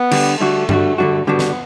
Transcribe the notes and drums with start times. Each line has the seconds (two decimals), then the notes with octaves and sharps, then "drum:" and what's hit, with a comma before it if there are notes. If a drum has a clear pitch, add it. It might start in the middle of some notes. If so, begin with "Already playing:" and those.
Already playing: B3
0.11 D3 G3 D4 G4, drum: cymbal
0.41 D3 G3 A3 D4 F#4
0.69 D3 G3 D4 F#4, drum: tom G2
0.98 D3 G3 D4 F#4
1.27 D3 G3 B3 D4 F#4
1.39 drum: snare